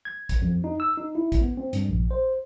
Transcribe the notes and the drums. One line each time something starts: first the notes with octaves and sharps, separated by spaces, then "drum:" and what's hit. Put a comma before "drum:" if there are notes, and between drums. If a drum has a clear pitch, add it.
G#6
drum: kick, hi-hat
F2
D#4
E6
D#4
E4
drum: kick, hi-hat
B3
C4
G2, drum: hi-hat
A#1
C5